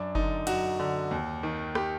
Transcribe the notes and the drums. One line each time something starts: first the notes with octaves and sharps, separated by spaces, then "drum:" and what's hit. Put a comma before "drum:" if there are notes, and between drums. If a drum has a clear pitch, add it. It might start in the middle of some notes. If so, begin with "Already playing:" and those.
Already playing: F#2 D4
D3 D#4, drum: kick F#1
F#2 F#4, drum: cymbal
D3
D#2
D#3
G4, drum: rim click